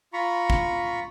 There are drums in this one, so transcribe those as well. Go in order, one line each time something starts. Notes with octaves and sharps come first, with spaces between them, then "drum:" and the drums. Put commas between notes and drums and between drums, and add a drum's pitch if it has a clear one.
F4 A#5 B5 C#6
drum: kick